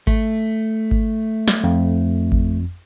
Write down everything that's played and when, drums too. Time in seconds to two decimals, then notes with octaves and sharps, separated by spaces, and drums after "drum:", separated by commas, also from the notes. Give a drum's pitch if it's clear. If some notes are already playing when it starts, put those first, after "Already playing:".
0.07 A3, drum: kick G#1
0.91 drum: kick G#1
1.48 drum: snare
1.64 F2
2.32 drum: kick G#1